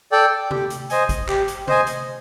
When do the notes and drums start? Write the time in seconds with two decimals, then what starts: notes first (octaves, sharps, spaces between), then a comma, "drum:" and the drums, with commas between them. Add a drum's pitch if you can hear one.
0.12 A4 D5 G5
0.51 G4, drum: tom C3
0.70 drum: hi-hat
0.90 C5 D#5 G#5, drum: hi-hat
1.09 drum: kick, hi-hat
1.29 G4, drum: clap
1.48 drum: hi-hat
1.68 C5 D#5 G#5, drum: tom C3
1.87 drum: hi-hat